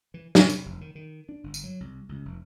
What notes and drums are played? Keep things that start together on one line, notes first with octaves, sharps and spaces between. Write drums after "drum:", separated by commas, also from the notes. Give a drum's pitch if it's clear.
E3
A2, drum: snare
C3, drum: tambourine
F1
D#3
D#3
D4
G1
drum: tambourine
F#3
C2
C#2
F1